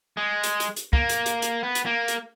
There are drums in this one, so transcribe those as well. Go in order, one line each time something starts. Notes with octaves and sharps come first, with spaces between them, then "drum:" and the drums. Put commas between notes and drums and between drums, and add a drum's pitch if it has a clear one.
G#3
drum: hi-hat
drum: hi-hat
drum: hi-hat
A#3, drum: kick
drum: hi-hat
drum: hi-hat
drum: hi-hat
B3
drum: hi-hat
A#3
drum: hi-hat